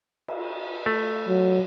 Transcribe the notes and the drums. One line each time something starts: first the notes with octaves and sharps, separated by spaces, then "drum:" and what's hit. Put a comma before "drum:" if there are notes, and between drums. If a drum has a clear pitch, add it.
drum: cymbal
A3
F#3